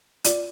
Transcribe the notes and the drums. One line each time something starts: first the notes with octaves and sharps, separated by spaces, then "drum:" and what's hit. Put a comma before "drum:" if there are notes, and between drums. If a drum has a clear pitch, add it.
F4 D5, drum: hi-hat